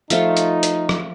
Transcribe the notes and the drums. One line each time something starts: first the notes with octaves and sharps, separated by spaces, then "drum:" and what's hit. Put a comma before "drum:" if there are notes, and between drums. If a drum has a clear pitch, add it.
F3 A3 D#4 F4, drum: hi-hat
drum: hi-hat
drum: hi-hat
drum: rim click